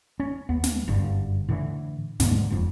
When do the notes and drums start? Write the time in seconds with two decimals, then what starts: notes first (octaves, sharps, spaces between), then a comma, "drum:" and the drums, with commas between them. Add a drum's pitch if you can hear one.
0.20 C#4
0.49 D#2 B3
0.63 drum: snare
0.88 F#1 G2 D3
1.49 A2 D3 E3
2.20 D#2 G#2 B2 D3, drum: snare
2.50 E1 F2